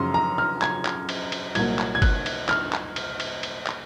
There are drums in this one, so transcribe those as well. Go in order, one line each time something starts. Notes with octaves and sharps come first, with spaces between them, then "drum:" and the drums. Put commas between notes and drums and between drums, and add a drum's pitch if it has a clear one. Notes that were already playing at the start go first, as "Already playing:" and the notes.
Already playing: F#2 C#3 F3 A#5 C6
A#5
F6
G#6, drum: clap
drum: clap
drum: cymbal
drum: cymbal
C2 A#2 F#3 A#3 G#6, drum: cymbal
drum: clap
G#6
F#6, drum: kick G1, cymbal
drum: cymbal
F6, drum: clap
drum: clap
drum: cymbal
drum: cymbal
drum: cymbal
drum: clap